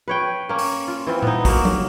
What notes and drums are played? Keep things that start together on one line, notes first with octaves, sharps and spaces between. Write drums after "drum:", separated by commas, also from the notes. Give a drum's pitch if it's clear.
B4 C#5 G5
A#3 C#4
drum: open hi-hat
F4
E3 C4 F4
B3 D#4, drum: tom A#2
F#3 A#3, drum: kick, open hi-hat
drum: tom F#3